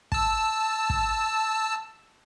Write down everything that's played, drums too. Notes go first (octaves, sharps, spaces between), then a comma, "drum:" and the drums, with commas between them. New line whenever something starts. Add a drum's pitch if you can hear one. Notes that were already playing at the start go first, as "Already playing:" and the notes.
A5 E6, drum: kick
drum: kick